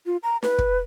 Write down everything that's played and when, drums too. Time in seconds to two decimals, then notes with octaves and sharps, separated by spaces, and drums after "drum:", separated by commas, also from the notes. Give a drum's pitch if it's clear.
0.06 F4
0.23 A#5
0.43 B4, drum: snare
0.58 drum: kick